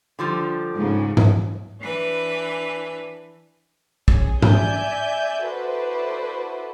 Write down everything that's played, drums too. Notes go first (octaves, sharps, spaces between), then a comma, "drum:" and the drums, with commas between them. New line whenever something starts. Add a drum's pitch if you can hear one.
D3 F3 G3
G#2 C#3
drum: tom G#2
E3 D4 B4
C#4 G#4, drum: kick
D5 E5 G#5 G6, drum: tom G#2
E4 F#4 A4 B4 C5 D5